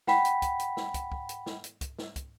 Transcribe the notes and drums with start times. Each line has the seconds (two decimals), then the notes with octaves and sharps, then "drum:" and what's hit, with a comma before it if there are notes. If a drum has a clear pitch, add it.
0.07 F#5 G5 B5 B6, drum: snare
0.25 drum: hi-hat
0.42 drum: kick, hi-hat
0.60 drum: hi-hat
0.77 drum: snare
0.94 drum: kick, hi-hat
1.12 drum: kick
1.29 drum: hi-hat
1.46 drum: snare
1.64 drum: hi-hat
1.81 drum: kick, hi-hat
1.98 drum: snare
2.16 drum: kick, hi-hat